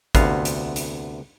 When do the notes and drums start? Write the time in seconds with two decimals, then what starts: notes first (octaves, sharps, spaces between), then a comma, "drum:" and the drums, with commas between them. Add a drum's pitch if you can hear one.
0.15 D2 C3 B3 F5, drum: kick, hi-hat
0.45 drum: hi-hat
0.76 drum: hi-hat